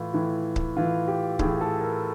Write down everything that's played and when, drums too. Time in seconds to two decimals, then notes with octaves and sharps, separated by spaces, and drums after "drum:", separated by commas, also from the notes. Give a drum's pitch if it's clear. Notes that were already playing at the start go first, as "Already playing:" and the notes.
Already playing: A2 E3 F4
0.14 A2 E3
0.56 drum: kick C#1
0.77 A2 E3 F4
1.08 G4
1.39 A2 G#4, drum: kick C#1
1.44 E3
1.61 A4
1.81 A#4